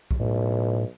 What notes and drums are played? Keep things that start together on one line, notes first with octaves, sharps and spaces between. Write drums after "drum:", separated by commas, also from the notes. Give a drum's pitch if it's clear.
drum: kick B1
B1 A2